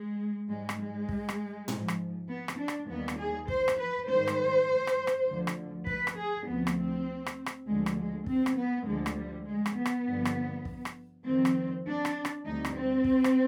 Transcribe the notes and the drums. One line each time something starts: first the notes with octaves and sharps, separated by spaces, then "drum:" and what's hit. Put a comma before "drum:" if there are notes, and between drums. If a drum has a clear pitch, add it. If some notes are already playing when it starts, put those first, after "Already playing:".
Already playing: G#3
G#2 G3 G#3
drum: rim click
G#3
drum: kick
drum: rim click
G#2 F3, drum: tom A2
drum: rim click
B3
drum: rim click
D4
drum: rim click
D#2 D#3 G3 B3
drum: rim click
G#4
C5, drum: kick
drum: rim click
B4
G#2 D#3 G3 C5
drum: rim click
drum: rim click
drum: rim click
D2 D3 F3
drum: rim click
B4, drum: kick
drum: rim click
G#4
D2 C3 F3 B3
drum: rim click
C4
drum: rim click
drum: rim click
D2 D3 F3 G#3
drum: rim click
G#3
C4, drum: kick
drum: rim click
B3
D2 D3 F3 G#3
drum: rim click
G3
G#3
drum: rim click
B3
drum: rim click
G2 D3 F3
drum: rim click
drum: kick
drum: rim click
F2 D#3 G3 C4
drum: rim click
D4
drum: rim click
drum: rim click
D2 C3 G3 D#4
drum: rim click
C4
drum: kick
drum: rim click